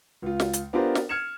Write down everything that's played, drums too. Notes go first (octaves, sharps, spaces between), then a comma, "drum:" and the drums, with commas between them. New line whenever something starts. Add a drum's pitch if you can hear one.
C#2 F4
drum: snare
drum: hi-hat
B3 D4 F4 G4 A#4 C5
drum: snare
F6 G#6 C#7 E7